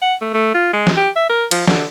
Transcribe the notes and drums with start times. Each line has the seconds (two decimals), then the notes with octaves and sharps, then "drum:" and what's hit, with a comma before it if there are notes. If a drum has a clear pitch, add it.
0.02 F#5
0.21 A3
0.34 A3
0.55 F4
0.73 G#3
0.87 drum: snare
0.97 G4
1.16 E5
1.29 A#4
1.51 F3, drum: cymbal
1.68 D3, drum: snare